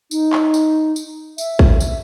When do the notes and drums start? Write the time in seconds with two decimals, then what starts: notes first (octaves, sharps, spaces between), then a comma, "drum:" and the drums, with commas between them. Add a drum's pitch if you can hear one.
0.11 D#4, drum: tambourine
0.33 drum: clap
0.54 drum: tambourine
0.96 drum: tambourine
1.38 E5, drum: tambourine
1.59 drum: kick
1.80 drum: tambourine